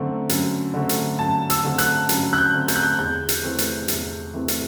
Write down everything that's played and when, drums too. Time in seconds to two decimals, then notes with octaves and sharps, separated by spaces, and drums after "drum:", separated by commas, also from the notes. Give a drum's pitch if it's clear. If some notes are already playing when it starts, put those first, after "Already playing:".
Already playing: F#2 D3 A3 C4
0.29 F#2, drum: hi-hat
0.74 D3 A3 C4
0.89 drum: hi-hat
1.19 F#2 A5
1.50 E6, drum: hi-hat
1.64 D3 A3 C4
1.78 F#6, drum: hi-hat
2.09 F#2, drum: hi-hat
2.33 F#6
2.38 G6
2.54 D3 A3 C4
2.68 G6, drum: hi-hat
2.76 F#6
2.83 G6
2.98 E2 G6
3.29 drum: hi-hat
3.44 C3 E3 A3 C4
3.58 drum: hi-hat
3.88 E2, drum: hi-hat
4.33 C3 E3 A3 C4
4.48 drum: hi-hat